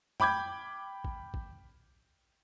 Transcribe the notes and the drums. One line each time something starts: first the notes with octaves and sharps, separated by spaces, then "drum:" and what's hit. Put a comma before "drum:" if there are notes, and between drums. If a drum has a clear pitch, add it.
G5 B5 D6 G6 G#6, drum: tom
drum: kick
drum: kick